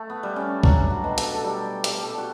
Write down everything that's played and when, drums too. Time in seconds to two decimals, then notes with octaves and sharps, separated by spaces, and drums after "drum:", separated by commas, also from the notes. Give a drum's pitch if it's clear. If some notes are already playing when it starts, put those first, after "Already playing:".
Already playing: A3
0.10 B3
0.23 G3
0.36 C#4
0.64 F#3 D4, drum: kick
0.91 F#4
1.04 B2
1.18 A4, drum: hi-hat
1.35 A4
1.44 G3 G4
1.84 G3, drum: hi-hat
2.03 A4
2.10 G4
2.18 F#4